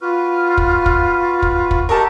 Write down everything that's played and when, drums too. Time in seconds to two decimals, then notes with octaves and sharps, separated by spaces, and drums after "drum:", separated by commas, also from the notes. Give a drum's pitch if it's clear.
0.01 F4 F#4 B4 F6
0.57 drum: kick
0.86 drum: kick
1.42 drum: kick
1.71 drum: kick
1.89 F#4 G4 A4 A#4 D#5 A5